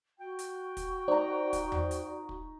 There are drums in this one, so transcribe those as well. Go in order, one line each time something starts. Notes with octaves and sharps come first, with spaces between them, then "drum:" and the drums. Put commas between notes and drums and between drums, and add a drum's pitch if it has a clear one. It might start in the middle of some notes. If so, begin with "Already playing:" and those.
F#4 G5
drum: hi-hat
drum: kick, hi-hat
D#4 C5 D5 A#5
drum: kick, hi-hat
drum: tom E2
drum: hi-hat
drum: kick